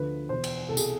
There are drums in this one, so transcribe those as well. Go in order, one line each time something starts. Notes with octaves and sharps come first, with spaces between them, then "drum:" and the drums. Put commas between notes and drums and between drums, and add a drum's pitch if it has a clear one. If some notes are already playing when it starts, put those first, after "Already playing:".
Already playing: D2 D3 F3 B4
E2 B2 C5
drum: cymbal
C2 B2 A4
G#4, drum: tambourine